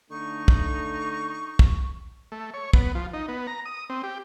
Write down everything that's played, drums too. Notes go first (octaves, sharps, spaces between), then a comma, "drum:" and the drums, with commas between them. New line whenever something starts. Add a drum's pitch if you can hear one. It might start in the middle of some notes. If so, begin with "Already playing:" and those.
D3 A3 D#4 C#6
drum: kick
drum: kick
A3
C#5
B3, drum: kick
F3
D#4
B3
A#5
D#6
C4
G4